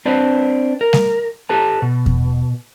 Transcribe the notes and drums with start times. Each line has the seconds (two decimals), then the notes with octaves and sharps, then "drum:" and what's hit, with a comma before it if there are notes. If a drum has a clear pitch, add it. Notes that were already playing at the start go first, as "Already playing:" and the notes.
0.05 C4 D4 B4 C5
0.81 A#4
0.93 drum: snare G3
1.49 G4 A4 B4 A5
1.82 B2
2.06 drum: kick E2